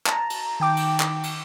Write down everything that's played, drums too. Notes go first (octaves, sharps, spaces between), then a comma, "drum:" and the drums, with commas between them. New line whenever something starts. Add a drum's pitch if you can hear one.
A5 A#5, drum: clap
drum: cymbal
D#3 G5 D6
drum: cymbal
drum: clap
drum: cymbal